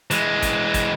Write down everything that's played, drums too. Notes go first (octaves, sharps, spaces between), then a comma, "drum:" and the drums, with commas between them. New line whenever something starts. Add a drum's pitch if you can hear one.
E3 G#3, drum: hi-hat
drum: kick, hi-hat
drum: kick, hi-hat